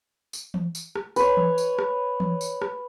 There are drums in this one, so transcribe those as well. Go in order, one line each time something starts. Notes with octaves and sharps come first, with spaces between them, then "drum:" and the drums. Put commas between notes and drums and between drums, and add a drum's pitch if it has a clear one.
drum: tambourine
drum: tom E3
drum: tambourine
drum: rim click
B4 C#5, drum: tambourine
drum: tom E3
drum: tambourine
drum: rim click
drum: tom E3
drum: tambourine
drum: rim click